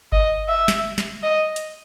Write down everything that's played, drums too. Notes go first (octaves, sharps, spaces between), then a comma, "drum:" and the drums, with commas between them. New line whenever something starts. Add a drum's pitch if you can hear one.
D#5, drum: kick G1
E5
drum: snare
drum: snare
D#5
drum: hi-hat